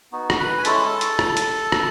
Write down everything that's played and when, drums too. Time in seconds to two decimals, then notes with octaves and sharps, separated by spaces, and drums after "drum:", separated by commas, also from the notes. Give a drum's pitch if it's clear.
0.12 B3 D#4 F#4
0.30 drum: rim click
0.39 B4 B5
0.58 G#5
0.65 G#3 C#4 E4 A4 A5, drum: hi-hat
1.01 drum: hi-hat
1.19 drum: rim click
1.37 drum: hi-hat
1.72 drum: rim click